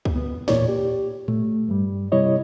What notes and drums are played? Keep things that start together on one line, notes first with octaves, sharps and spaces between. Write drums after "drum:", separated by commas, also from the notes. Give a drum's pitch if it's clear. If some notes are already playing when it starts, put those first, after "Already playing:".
drum: kick C#2
D2 B3
E2 A#2 C#5 D5, drum: snare
G4
A3, drum: tom A2
G2 G3
C3 G3 E4 C#5 D#5